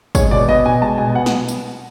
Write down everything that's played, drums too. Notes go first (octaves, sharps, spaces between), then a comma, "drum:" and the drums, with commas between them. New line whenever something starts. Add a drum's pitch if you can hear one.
G#3 C#5, drum: kick, tambourine
B2 D5
B3 D#5
B2 G#5
G#3 A5
B2 G#5
B3 F#5
drum: snare
drum: tambourine